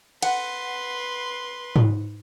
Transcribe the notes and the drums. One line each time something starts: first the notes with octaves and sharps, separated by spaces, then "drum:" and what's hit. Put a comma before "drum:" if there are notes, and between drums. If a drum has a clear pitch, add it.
B4 F#5 C6, drum: cymbal
drum: tom G#2